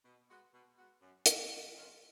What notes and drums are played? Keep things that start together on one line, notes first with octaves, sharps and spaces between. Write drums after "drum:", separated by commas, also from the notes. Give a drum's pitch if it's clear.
B2
G#3 B3 F#4
B2
G#3 B3 F#4
F#2
C#3 F#3 C#4 F4, drum: hi-hat
F#2
C#3 F#3 C#4 F4